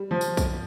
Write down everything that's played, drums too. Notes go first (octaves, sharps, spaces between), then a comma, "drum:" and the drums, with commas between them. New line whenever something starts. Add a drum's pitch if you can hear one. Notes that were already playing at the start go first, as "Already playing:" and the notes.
Already playing: G3
F3
drum: tambourine
drum: kick B1, tambourine